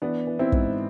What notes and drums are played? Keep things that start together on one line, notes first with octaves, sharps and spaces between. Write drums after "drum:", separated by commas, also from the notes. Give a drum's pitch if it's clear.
E3 B3 D4
E3
C4 E4
G#2, drum: kick